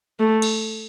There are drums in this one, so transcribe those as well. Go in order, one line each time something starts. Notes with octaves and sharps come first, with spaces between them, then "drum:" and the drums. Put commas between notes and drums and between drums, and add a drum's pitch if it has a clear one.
A3
drum: cymbal